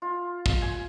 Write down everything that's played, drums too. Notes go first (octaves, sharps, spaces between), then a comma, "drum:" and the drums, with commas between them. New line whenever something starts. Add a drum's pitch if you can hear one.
F4
drum: kick
G#5